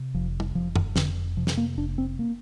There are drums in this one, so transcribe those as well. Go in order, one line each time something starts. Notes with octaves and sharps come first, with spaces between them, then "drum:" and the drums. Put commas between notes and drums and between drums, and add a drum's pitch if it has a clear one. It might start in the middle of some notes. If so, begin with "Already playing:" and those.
Already playing: C3
F1 F3
drum: tom
F1 F3
drum: tom
F2 D3, drum: snare
C3 F3
drum: snare
A#3
F1 D4
C4
A#3